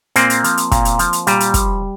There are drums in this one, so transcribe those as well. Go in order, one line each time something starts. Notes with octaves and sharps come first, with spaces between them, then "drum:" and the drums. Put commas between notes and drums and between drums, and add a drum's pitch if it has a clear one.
A#2 A#3 C4, drum: hi-hat
drum: hi-hat
F3, drum: hi-hat
drum: hi-hat
A#2, drum: kick, hi-hat
drum: hi-hat
F3, drum: hi-hat
drum: hi-hat
A#2 G3, drum: hi-hat
drum: hi-hat
F3, drum: kick, hi-hat